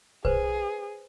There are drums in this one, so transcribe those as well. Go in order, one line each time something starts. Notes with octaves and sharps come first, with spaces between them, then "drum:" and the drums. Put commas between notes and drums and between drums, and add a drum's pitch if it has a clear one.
G#4 B4 C5, drum: kick